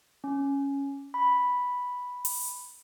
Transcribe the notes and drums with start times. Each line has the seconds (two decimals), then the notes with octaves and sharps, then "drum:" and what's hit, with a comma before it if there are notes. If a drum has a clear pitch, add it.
0.24 C#4
1.14 B5
2.25 drum: open hi-hat